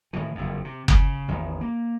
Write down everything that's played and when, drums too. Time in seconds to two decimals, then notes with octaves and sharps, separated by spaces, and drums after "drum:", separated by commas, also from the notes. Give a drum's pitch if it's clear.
0.13 A2 D#3 E3
0.35 F#1 F2
0.64 C3
0.88 C#3, drum: kick F#1
1.28 A1 E2 D#3
1.61 A#3